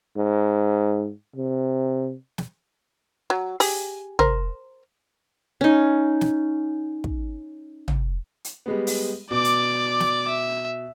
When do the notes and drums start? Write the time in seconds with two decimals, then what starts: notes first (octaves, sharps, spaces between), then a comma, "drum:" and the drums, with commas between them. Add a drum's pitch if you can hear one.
0.17 G#2
1.36 C3
2.38 drum: snare
3.30 F#3
3.60 G4 G#4, drum: open hi-hat
4.19 A#4 C5, drum: tom
5.61 C#4 D#4
6.21 drum: snare
7.04 drum: kick
7.88 drum: tom
8.44 drum: hi-hat
8.66 G3 G#3 B3
8.87 drum: open hi-hat
9.31 B2 D5 D6
9.44 drum: hi-hat
10.00 drum: snare
10.28 E5